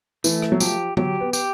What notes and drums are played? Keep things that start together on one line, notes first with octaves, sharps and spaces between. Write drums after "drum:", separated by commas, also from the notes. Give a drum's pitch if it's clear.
E3 A3, drum: tambourine
drum: rim click
F#3
F3 G4, drum: tambourine
F#3 G4, drum: tom D3
B3
G4, drum: tambourine